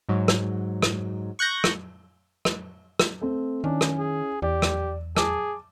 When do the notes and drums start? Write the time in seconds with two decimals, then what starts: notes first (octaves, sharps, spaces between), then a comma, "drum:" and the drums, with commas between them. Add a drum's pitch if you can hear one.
0.09 G#2 F#3
0.28 drum: rim click
0.82 drum: rim click
1.39 C#6 F#6 G6 A#6
1.64 drum: rim click
2.45 drum: rim click
2.99 drum: rim click
3.21 A3 C4
3.64 D#3 C#4 D4 E4
3.81 drum: rim click
3.99 G#4
4.42 E2 G4 D5
4.62 drum: rim click
5.17 G#4 A5 D6, drum: rim click